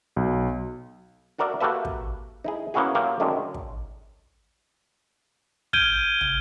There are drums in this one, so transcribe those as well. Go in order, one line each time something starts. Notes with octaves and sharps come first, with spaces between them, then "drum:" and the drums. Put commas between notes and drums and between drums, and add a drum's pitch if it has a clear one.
B1
D4 F#4 A#4 D5 E5
A#3 F#4 G4 A4 B4 E5
drum: kick
D#4 E4 G#4
A#3 B3 C#4 E4 F#4 G#4
F#3 A#3 F4 G4 F5
F#2 D3 D#3 G#3
drum: kick
F6 G6 G#6 D7 D#7 G7, drum: kick
drum: tom